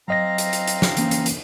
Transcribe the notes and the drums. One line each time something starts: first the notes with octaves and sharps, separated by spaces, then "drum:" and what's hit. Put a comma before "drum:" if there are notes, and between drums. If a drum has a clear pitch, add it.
F#3 C4 D#5 F5 A#5 A#6
drum: hi-hat
drum: hi-hat
drum: hi-hat
drum: snare
E3 A#3 C#4, drum: hi-hat
drum: hi-hat
drum: hi-hat